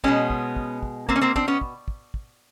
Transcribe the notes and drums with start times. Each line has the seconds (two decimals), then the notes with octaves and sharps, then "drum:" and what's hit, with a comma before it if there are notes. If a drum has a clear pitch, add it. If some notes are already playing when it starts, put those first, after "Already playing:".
0.04 B2 G#3 B3 C#4, drum: kick
0.30 drum: kick
0.56 drum: kick
0.83 drum: kick
1.09 A#3 C4, drum: kick
1.16 C#4
1.21 A#3 C4
1.36 C4 D4, drum: kick
1.48 B3 C#4
1.61 drum: kick
1.88 drum: kick
2.14 drum: kick